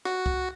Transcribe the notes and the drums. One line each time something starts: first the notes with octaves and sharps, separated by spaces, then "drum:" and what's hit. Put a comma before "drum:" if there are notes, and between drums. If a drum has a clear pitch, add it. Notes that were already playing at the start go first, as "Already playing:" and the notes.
F#4, drum: rim click
drum: kick